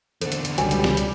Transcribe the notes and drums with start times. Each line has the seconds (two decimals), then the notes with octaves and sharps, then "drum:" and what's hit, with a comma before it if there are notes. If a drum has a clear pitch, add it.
0.21 E2 D3 A4 C5, drum: hi-hat
0.32 drum: hi-hat
0.45 drum: hi-hat
0.58 C#2 B2 F#3 G3 G5 G#5, drum: hi-hat
0.71 drum: hi-hat
0.84 drum: snare
0.97 drum: hi-hat